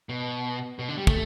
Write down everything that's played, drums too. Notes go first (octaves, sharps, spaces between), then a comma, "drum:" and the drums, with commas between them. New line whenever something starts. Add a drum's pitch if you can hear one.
B2
B2
D3
G3
A3, drum: kick